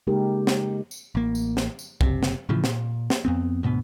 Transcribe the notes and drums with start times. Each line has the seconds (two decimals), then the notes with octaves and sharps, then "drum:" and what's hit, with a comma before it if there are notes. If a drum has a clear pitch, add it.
0.07 C#3 G#3 A#3 D#4 G4 A#4
0.47 drum: snare
0.91 drum: tambourine
1.15 A1 A#3
1.35 drum: tambourine
1.57 drum: snare
1.79 drum: tambourine
2.01 F#1 C3, drum: kick C2
2.23 drum: snare
2.49 A2 C#3 E3 F3
2.64 A#2, drum: snare
3.10 drum: snare
3.25 F2 B3 C4
3.63 D2 G#2 B2 B3